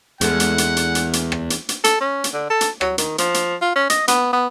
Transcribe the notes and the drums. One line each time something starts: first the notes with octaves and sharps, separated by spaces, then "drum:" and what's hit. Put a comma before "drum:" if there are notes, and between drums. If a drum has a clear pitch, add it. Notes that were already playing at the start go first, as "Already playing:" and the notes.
E2 G#3 A4 F#5, drum: hi-hat
drum: hi-hat
drum: hi-hat
drum: hi-hat
drum: hi-hat
drum: hi-hat
drum: rim click
drum: hi-hat
drum: hi-hat
A4, drum: hi-hat
C#4
drum: hi-hat
D3
A4
drum: hi-hat
F#3, drum: rim click
D#3, drum: hi-hat
F3, drum: hi-hat
drum: hi-hat
F4
C#4
D#5, drum: hi-hat
B3, drum: hi-hat
B3